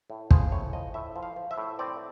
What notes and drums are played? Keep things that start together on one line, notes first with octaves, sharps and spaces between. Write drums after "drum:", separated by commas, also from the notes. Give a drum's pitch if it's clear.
A2
F3 G#4, drum: kick
A2 C#5
F3 D#5
A2 E5
F3
F5
F3
E5
A2
C4 D5